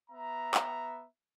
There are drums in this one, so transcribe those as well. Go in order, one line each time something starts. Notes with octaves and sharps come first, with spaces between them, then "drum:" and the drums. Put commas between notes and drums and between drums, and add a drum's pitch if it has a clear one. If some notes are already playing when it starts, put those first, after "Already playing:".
B3 E5 A#5
drum: clap